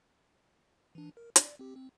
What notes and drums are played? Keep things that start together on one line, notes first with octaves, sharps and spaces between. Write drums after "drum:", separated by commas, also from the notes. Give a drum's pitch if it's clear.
E3 D4
A#4
D5, drum: hi-hat
C4 G4
C4